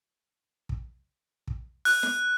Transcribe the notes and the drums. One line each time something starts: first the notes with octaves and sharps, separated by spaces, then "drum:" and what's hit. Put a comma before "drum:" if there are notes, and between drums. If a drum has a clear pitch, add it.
drum: kick
drum: kick
F#6, drum: open hi-hat
drum: snare